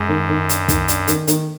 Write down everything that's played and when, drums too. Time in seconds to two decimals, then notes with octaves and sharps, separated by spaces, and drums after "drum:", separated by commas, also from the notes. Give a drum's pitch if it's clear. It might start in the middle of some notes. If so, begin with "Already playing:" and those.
Already playing: F#2 G#3
0.08 D#3
0.29 D#3
0.49 D4, drum: hi-hat
0.68 D#3, drum: kick, hi-hat
0.88 D4, drum: hi-hat
1.07 D#3, drum: hi-hat
1.27 D#3, drum: hi-hat